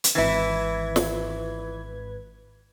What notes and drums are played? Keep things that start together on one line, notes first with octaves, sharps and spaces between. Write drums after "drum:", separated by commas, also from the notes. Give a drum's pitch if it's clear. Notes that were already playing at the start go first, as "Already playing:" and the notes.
drum: hi-hat
G#1 E3 E4 B4 G#6
drum: snare